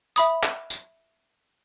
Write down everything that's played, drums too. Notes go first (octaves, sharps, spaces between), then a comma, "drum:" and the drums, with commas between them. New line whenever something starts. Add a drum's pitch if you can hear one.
E5 B5 D#6, drum: tambourine
drum: clap
drum: tambourine